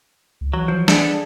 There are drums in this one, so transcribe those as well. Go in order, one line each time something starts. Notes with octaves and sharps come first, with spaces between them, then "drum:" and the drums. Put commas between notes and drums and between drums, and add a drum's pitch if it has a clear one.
C#2
E3 F#3
F3
B3 D4 G#4 A4, drum: snare